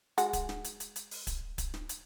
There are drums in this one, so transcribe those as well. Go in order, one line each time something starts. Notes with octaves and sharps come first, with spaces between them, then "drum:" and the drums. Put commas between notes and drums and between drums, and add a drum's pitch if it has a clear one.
G#3 F#4 F#5, drum: hi-hat
drum: kick D1, hi-hat
drum: snare
drum: hi-hat
drum: hi-hat
drum: hi-hat
drum: open hi-hat
drum: kick D1, hi-hat
drum: kick D1, hi-hat
drum: snare
drum: hi-hat